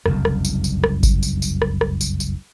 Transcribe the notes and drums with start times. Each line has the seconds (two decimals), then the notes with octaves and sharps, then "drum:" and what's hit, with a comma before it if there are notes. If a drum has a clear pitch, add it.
0.06 F#1 C2 F2, drum: rim click
0.25 drum: rim click
0.45 drum: tambourine
0.64 drum: tambourine
0.84 drum: rim click
1.03 drum: kick G#1, tambourine
1.23 drum: tambourine
1.42 drum: tambourine
1.62 drum: rim click
1.81 drum: rim click
2.01 drum: tambourine
2.20 drum: tambourine